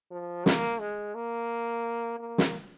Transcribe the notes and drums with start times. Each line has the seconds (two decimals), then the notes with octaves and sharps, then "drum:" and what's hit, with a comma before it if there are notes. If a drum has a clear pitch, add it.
0.11 F3
0.46 A#3, drum: snare
0.80 G#3
1.15 A#3
2.19 A#3
2.38 drum: snare